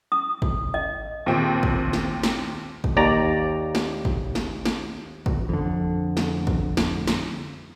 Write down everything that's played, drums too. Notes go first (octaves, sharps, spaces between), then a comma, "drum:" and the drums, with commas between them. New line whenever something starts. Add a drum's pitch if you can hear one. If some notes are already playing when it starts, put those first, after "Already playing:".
D#6
drum: kick
D#5
D#2 A#2 C4
drum: kick
drum: snare
drum: snare
drum: kick
D#2 D5 A#5
drum: snare
drum: kick
drum: snare
drum: snare
drum: kick
F2 D3
drum: snare
drum: kick
drum: snare
drum: snare